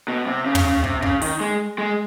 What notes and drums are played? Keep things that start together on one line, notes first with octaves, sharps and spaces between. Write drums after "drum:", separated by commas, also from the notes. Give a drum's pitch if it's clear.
B2
C3
C#3
drum: tom
C#3
C3, drum: kick
C#3, drum: kick
D#3, drum: open hi-hat
G#3
G#3